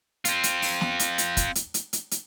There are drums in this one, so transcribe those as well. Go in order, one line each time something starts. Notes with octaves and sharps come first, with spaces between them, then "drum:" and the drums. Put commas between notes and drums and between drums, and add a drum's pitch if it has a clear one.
C4 F4, drum: hi-hat
drum: hi-hat
drum: open hi-hat
drum: snare
drum: hi-hat
drum: hi-hat
drum: kick, hi-hat
drum: hi-hat
drum: hi-hat
drum: hi-hat
drum: hi-hat